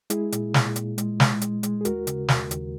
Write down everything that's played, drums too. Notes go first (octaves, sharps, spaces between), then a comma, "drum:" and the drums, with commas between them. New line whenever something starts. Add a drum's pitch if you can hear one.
G#3 E4 G#4, drum: hi-hat
A#2, drum: hi-hat
A#2, drum: snare
A#2, drum: hi-hat
G#3, drum: hi-hat
G#3, drum: snare
G#3, drum: hi-hat
G#3, drum: hi-hat
G#4
D#2 F#4 A#4, drum: hi-hat
C#3, drum: hi-hat
D#2, drum: snare
D#2, drum: hi-hat